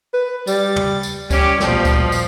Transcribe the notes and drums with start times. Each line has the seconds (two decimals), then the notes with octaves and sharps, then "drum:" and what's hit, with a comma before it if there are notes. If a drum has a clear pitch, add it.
0.14 B4
0.47 G3 A6, drum: tambourine
0.76 drum: tom
1.03 drum: tambourine
1.30 G3 C#4 G4, drum: kick C#2, tambourine
1.60 A#1 B2 F3, drum: snare
1.85 drum: kick C#2, tambourine
2.12 drum: tambourine